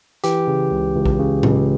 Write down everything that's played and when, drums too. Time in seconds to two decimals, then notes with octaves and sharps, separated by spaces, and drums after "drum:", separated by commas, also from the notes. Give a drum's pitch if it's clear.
0.24 E3 G4, drum: hi-hat
0.48 C#3
0.72 C#2
0.95 C#2
1.05 drum: kick A#1
1.19 C#3
1.43 C#2, drum: tom A2